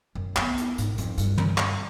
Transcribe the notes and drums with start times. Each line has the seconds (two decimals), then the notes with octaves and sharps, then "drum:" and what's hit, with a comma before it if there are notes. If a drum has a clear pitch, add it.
0.15 F#2
0.36 B3 C4, drum: clap
0.58 drum: hi-hat
0.78 G#2, drum: hi-hat
0.98 F2, drum: hi-hat
1.18 G2, drum: hi-hat
1.38 drum: tom
1.58 drum: clap